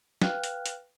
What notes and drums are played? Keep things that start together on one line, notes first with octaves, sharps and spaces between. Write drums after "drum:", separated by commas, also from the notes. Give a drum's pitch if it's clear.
B4 F5 G5 F6 F#6, drum: snare
drum: hi-hat
drum: hi-hat